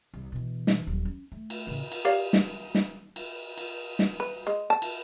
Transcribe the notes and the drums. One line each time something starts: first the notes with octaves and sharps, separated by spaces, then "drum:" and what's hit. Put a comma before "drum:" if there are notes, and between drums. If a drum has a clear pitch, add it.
C2
B2 E3
drum: snare
D#1 F#3
C#4
A3
drum: cymbal
A1 C#3
drum: cymbal
G4 A#4 C#5 D5 F5
drum: snare
drum: snare
drum: cymbal
drum: cymbal
drum: snare
B4
G#3
A5
drum: cymbal